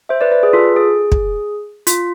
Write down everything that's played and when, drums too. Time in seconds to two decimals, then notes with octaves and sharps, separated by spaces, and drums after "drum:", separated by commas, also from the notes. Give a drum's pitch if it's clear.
0.09 C5 E5
0.21 B4 D5
0.31 B4 D5
0.42 G#4 B4
0.53 F4 A4
0.76 G#4
1.12 drum: kick
1.87 F4, drum: hi-hat